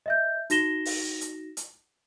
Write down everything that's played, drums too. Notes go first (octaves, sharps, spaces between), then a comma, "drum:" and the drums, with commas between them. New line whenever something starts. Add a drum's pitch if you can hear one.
D#5 E5 G6
D#4 F#4 A#6 E7 G7, drum: hi-hat
drum: open hi-hat
drum: hi-hat
drum: hi-hat